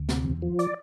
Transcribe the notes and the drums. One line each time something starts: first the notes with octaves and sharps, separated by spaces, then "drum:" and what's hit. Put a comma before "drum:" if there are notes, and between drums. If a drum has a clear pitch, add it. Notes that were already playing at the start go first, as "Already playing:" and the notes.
Already playing: D2
C3, drum: snare
E2
F3
D5, drum: hi-hat